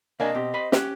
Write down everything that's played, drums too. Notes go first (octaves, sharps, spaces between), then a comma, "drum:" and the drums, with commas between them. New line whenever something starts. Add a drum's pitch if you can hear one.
C3 A#3 D4 D#5 G#5
B2 C4 G4
C5 B5
C#4 G4 F#6, drum: snare